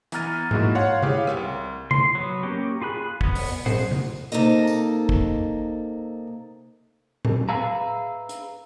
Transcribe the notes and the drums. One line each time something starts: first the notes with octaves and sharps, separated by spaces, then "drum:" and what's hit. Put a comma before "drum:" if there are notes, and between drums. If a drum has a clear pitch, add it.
E3 B3 A#5 F6 A6 D#7, drum: hi-hat
G#3 A#3 D#4 E4 F#4, drum: tom G#2
C#5 F5 F#5 C6
E4 G4 G#4 C#5 F5, drum: tom C3
drum: rim click
C2
C6, drum: tom C3
F#3 B3
A#3 C#4 G4
F4 G#4 B5 F#6
B3, drum: kick
drum: open hi-hat
G#4 C5 F#5, drum: tom A2
drum: tom C3
C3 A#3 D#4 A4 D#5
drum: tambourine
drum: kick
drum: tom A2
G#4 B4 E5 F5 A#5
drum: hi-hat